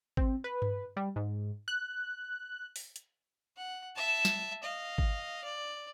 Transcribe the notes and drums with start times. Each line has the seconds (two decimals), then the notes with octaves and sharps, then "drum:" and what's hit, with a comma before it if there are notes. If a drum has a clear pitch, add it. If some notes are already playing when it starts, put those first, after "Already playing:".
0.17 C4, drum: kick G#1
0.44 B4
0.62 drum: tom G2
0.97 G3
1.16 G#2
1.68 F#6
2.76 drum: open hi-hat
2.96 drum: hi-hat
3.57 F#5
3.95 E5 A5
4.25 drum: snare
4.63 D#5 F5
4.98 drum: kick G#1
5.44 D5